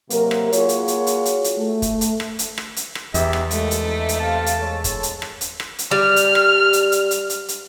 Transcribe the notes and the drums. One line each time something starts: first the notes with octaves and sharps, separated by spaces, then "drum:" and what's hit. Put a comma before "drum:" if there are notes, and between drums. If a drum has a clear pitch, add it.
C3 F#3 A#3 A#4, drum: hi-hat
drum: rim click
A#3 F4 F#4 G#4 C#5, drum: hi-hat
drum: hi-hat
drum: hi-hat
drum: hi-hat
drum: hi-hat
drum: hi-hat
A3
drum: kick, hi-hat
drum: hi-hat
drum: rim click
drum: hi-hat
drum: rim click
drum: hi-hat
drum: rim click
E2 B3 D#4 G4 E5, drum: hi-hat
drum: rim click
D#2 G#3 A3, drum: hi-hat
drum: hi-hat
F2 D#4 E5
drum: hi-hat
C3 C4 F5 A5
drum: hi-hat
G#3 A4 C#5
drum: kick, hi-hat
drum: hi-hat
drum: rim click
drum: hi-hat
drum: rim click
drum: hi-hat
G3 F6
drum: hi-hat
drum: rim click
drum: hi-hat
drum: hi-hat
drum: hi-hat
drum: hi-hat
drum: hi-hat